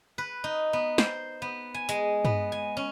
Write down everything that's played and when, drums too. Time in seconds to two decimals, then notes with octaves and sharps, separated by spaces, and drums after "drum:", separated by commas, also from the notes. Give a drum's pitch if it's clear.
0.18 B4
0.44 D#4
0.73 B3
0.98 C5, drum: snare
1.42 B3
1.74 G#5
1.89 G#3, drum: hi-hat
2.25 B3, drum: tom G2
2.52 G#5
2.77 C#4